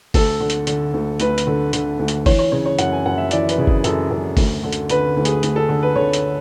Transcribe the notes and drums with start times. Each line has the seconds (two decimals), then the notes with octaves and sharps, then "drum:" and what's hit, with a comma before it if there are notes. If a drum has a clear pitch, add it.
0.14 D2 A4, drum: kick G1, open hi-hat
0.40 D3
0.50 drum: hi-hat
0.67 D3, drum: hi-hat
0.94 D2
1.20 D2 B4, drum: hi-hat
1.38 drum: hi-hat
1.47 D3
1.73 D3, drum: hi-hat
1.99 D2
2.08 drum: hi-hat
2.26 E3 C#5, drum: kick G1, open hi-hat
2.39 C#5
2.52 C#3 C#5
2.66 C#5
2.79 F#2 F#5, drum: hi-hat
2.92 G#5
3.06 F#2 F#5
3.18 E5
3.31 E3 D5, drum: hi-hat
3.49 B4, drum: hi-hat
3.58 C#3
3.67 G#4, drum: kick G1
3.84 F#2 A4, drum: hi-hat
4.11 F#2
4.37 D2, drum: kick G1, open hi-hat
4.63 D3
4.72 drum: hi-hat
4.90 D3 B4, drum: hi-hat
5.17 D2
5.25 G#4, drum: hi-hat
5.43 D2, drum: hi-hat
5.56 A4
5.69 D3
5.83 B4
5.96 D3 C#5
6.13 drum: hi-hat